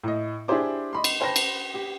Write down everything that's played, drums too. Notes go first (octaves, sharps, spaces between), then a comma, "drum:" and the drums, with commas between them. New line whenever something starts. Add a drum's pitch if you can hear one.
A2 D#5
D4 E4 G4 G#4 C5 D6
D#5 B5 C6
drum: cymbal
B4 C5 G5 A5 B5 A#6
drum: cymbal
G4